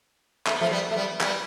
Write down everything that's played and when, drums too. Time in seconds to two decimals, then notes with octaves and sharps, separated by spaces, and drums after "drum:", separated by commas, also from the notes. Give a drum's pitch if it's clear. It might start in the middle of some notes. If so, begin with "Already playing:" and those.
0.47 A3, drum: clap
0.54 B3
0.61 F3 A3
0.71 G3 B3
0.91 A3
0.96 G3 B3
1.21 G3 B3, drum: clap